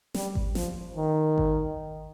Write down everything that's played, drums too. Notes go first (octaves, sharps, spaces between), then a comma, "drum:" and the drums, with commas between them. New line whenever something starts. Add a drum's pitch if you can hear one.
G3, drum: snare
drum: kick G#1
F3, drum: snare
D#3
drum: kick G#1